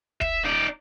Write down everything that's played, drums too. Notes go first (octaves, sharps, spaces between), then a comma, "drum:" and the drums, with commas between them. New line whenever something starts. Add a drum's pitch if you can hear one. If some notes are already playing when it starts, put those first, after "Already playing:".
E5, drum: kick
D#4 D5